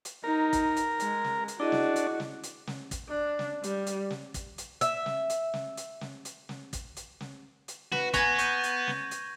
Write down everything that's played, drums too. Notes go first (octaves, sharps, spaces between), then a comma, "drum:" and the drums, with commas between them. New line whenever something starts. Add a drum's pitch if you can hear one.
drum: hi-hat
D#4 A#4
drum: kick, hi-hat
drum: hi-hat
G#3, drum: hi-hat
drum: snare
drum: hi-hat
D4 E4 F#4 G#4 D#5
drum: snare
drum: hi-hat
drum: snare
drum: hi-hat
drum: snare
drum: kick, hi-hat
D4
drum: snare
G3, drum: hi-hat
drum: hi-hat
drum: snare
drum: kick, hi-hat
drum: hi-hat
E5, drum: hi-hat
drum: snare
drum: hi-hat
drum: snare
drum: hi-hat
drum: snare
drum: hi-hat
drum: snare
drum: kick, hi-hat
drum: hi-hat
drum: snare
drum: hi-hat
F#4 B4, drum: snare
B3 B4 G#5 A#5 C#6 G#6 A#6, drum: kick, hi-hat
C#6 G6 D#7, drum: hi-hat
drum: hi-hat
drum: snare
drum: hi-hat